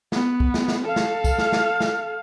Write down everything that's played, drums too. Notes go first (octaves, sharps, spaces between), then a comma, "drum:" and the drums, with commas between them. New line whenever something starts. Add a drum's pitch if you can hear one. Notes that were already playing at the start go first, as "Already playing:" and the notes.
B3, drum: snare
drum: kick
drum: snare
drum: snare
A4 F5
drum: snare
drum: kick, tambourine
drum: snare
drum: snare
drum: snare